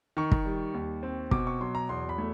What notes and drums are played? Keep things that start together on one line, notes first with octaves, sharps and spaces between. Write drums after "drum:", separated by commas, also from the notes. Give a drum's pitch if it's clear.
D#3 C#6
drum: kick
G3
D#2
C4
B2 D6, drum: kick
C#6
F#3 C6
A#5
E2 C6
B5
A3